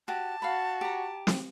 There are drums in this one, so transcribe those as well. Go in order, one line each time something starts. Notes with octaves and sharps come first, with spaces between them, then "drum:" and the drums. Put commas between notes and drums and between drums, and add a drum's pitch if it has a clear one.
F#4 G4 A5
F#4 F5 F#5 B5
G4 A#5
drum: snare